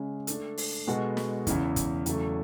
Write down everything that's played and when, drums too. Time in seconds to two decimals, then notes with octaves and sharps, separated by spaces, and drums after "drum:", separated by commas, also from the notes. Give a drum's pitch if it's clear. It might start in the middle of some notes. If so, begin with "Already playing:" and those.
Already playing: C#3 G#3 C#4 G#4
0.27 A3 D4 A4, drum: hi-hat
0.57 drum: open hi-hat
0.87 B2 G#3 B3 F#4 A4
1.17 drum: snare
1.47 E2 C#3 E3, drum: kick, hi-hat
1.76 drum: kick, hi-hat
2.06 E2 C#3 F#3 A3, drum: hi-hat